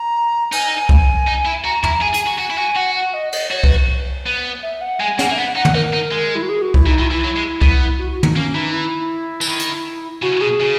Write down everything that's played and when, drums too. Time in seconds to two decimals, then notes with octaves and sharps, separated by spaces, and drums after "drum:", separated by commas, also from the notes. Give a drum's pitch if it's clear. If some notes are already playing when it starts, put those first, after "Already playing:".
Already playing: A#5
0.52 D#4 G#5, drum: cymbal
0.71 G#5
0.89 drum: kick C2
1.27 D#4
1.46 E4
1.64 F#4 A#5
1.83 E4 A#5, drum: tom
2.02 G#4 G#5
2.14 G#4, drum: hi-hat
2.20 G#5
2.27 F#4
2.39 F#4
2.51 E4
2.57 F#4 G#5
2.76 F#4 F#5
2.95 F#5
3.14 D#5
3.32 D#5, drum: cymbal
3.51 F#4 C#5
3.64 B4, drum: kick C2
4.26 B3
4.63 E5
4.81 F#5
5.00 G#3 G#5
5.19 A#3 F#5, drum: snare
5.30 A#3 E5
5.38 B3 F#5
5.56 D#4 F#5
5.65 drum: tom
5.75 D#4 A#4
5.93 D#4
6.11 G#3
6.35 E4
6.42 F#4
6.49 G#4
6.62 F#4
6.74 E4, drum: kick C2
6.86 E3 D#4
6.99 D#3 E4
7.11 E3 E4
7.24 F#3
7.36 G#3
7.61 B3, drum: kick C2
7.98 F#4
8.11 F#4
8.23 D#4, drum: tom
8.36 A#3 C#4
8.54 E3 D#4
8.73 E4
9.41 E3, drum: tambourine
9.48 D#3
9.59 drum: hi-hat
10.22 C#3 F#4
10.41 B2 G#4
10.60 C#3